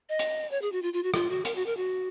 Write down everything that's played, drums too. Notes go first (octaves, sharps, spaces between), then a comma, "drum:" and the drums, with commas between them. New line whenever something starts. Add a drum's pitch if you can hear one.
D#5
drum: hi-hat
C#5
G#4
F#4
F4
F4
F#4
F4, drum: rim click
F#4
A#4, drum: hi-hat
F#4
A#4
F#4